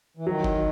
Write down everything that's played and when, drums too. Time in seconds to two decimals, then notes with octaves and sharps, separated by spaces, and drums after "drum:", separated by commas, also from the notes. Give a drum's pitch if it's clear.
0.17 E3
0.27 D#3 F#3
0.44 drum: kick F1